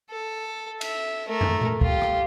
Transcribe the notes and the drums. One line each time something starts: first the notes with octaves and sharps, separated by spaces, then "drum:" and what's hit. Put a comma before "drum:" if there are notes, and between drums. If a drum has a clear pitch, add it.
A4
E5, drum: cymbal
A3 A#4
drum: tom
drum: tom A#2
F4 G4, drum: kick
drum: rim click